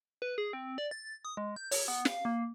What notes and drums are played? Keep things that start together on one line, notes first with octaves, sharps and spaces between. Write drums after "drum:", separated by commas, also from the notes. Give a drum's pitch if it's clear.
B4
G#4
C4
D5
A6
D#6
G#3
G6
C#5, drum: open hi-hat
B3
F5, drum: snare
A#3